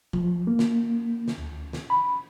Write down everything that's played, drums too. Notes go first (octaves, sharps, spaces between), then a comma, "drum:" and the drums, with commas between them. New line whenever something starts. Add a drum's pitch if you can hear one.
F3, drum: kick
A#3
drum: snare
drum: snare
D2
drum: snare
B5